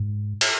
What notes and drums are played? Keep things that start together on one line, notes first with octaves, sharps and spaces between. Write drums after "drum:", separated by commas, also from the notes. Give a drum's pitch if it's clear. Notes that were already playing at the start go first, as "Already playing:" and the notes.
Already playing: G#2
drum: cymbal